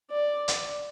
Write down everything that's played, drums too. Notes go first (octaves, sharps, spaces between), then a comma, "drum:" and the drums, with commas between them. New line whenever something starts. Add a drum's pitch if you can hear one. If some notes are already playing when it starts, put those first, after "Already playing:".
D5
drum: hi-hat